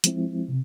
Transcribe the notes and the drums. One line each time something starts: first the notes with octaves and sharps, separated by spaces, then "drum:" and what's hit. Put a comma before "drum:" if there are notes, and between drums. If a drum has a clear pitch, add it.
F3 G#3 C4 E4, drum: hi-hat
C3